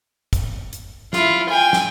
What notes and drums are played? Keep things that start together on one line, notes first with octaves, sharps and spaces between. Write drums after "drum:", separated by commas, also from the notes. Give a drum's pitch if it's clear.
drum: kick, hi-hat
drum: hi-hat
E4 F4, drum: snare
G5 G#5
drum: snare